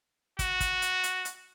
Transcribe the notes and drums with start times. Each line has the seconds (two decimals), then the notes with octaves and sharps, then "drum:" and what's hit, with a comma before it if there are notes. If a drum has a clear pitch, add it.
0.39 F#4, drum: kick, hi-hat
0.60 drum: kick, hi-hat
0.82 drum: hi-hat
1.03 drum: hi-hat
1.25 drum: hi-hat